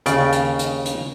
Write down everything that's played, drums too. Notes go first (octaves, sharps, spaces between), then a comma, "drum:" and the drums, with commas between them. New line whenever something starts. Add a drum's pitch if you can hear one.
D#2 C#3 D5, drum: hi-hat
drum: hi-hat
drum: hi-hat
drum: hi-hat